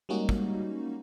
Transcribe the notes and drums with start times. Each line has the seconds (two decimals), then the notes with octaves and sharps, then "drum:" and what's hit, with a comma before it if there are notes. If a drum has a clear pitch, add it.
0.09 G3 G#3 A#3 C#4 D#4 F#4
0.29 drum: kick